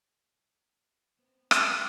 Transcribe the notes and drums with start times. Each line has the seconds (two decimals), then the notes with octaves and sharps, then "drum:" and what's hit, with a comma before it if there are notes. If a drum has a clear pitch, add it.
1.19 B3 C4 C5
1.51 drum: rim click